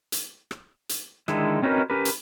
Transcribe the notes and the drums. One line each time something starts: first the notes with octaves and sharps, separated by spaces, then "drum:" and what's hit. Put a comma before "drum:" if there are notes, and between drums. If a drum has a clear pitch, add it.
drum: hi-hat
drum: rim click
drum: hi-hat
D3 D#3 G#3 E4 A4, drum: rim click
C4 C#4 D#4 F#4 A#4 B4
C#4 G4 A#4 B4
drum: hi-hat